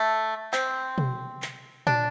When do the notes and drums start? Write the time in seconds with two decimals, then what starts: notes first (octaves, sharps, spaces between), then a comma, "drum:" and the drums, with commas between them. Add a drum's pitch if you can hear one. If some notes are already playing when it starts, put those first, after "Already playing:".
Already playing: A3
0.53 C4, drum: clap
0.98 drum: tom B2
1.42 drum: clap
1.87 D4, drum: tom A#2